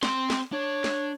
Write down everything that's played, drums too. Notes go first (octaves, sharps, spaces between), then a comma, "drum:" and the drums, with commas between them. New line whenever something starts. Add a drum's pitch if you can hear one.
C4 C6, drum: snare
drum: snare
D4 C#5
drum: snare